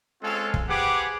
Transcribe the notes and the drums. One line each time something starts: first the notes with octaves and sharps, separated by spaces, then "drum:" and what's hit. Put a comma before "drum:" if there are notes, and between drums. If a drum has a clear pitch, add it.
G#3 C4 C#4 F4 A4 F5
drum: kick
C4 G4 G#4 B4 F#5 D6